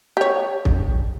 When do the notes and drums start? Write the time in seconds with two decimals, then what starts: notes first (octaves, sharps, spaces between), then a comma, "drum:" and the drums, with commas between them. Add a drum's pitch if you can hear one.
0.17 G4 C#5
0.65 drum: kick